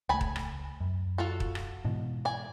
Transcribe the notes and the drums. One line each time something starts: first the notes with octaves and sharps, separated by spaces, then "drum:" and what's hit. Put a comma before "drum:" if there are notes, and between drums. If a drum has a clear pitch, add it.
C#2 A3 G#5 A5 B5
drum: kick D#1
drum: rim click
F#2
F4 F#4 A4
drum: kick D#1
drum: rim click
G#2 B2 E3
D5 G#5